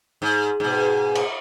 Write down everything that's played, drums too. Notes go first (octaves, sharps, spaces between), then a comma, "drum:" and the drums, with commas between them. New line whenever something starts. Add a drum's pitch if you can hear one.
G#2
G#2 B2
drum: cymbal